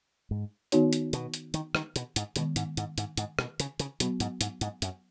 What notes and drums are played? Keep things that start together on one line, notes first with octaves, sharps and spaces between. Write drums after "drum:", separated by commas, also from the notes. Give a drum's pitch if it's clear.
G#2
D#3 B3 D#4 F#4 C#5, drum: hi-hat
drum: hi-hat
B2, drum: hi-hat
drum: hi-hat
D#3, drum: hi-hat
D#3, drum: rim click
B2, drum: hi-hat
G#2, drum: hi-hat
B2 D#3 G#3 B3, drum: hi-hat
G#2, drum: hi-hat
G#2, drum: hi-hat
G#2, drum: hi-hat
G#2, drum: hi-hat
B2, drum: rim click
C#3, drum: hi-hat
C#3, drum: hi-hat
B2 F#3 B3 F#4, drum: hi-hat
G#2, drum: hi-hat
G#2, drum: hi-hat
G#2, drum: hi-hat
F#2, drum: hi-hat